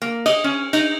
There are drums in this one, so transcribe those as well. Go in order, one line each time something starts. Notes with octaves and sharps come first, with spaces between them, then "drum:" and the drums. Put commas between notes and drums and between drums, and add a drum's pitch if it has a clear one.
A#3
D#5, drum: cymbal
C#4
D#4, drum: cymbal